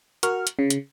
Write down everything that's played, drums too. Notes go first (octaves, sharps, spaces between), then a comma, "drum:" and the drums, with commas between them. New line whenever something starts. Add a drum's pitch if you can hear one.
F#4 A#4 C#6 F6, drum: hi-hat
drum: hi-hat
C#3
drum: hi-hat